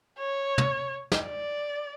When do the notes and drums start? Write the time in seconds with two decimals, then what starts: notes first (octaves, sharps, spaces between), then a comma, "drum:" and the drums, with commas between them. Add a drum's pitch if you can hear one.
0.19 C#5
0.58 drum: tom
1.12 drum: snare
1.22 D5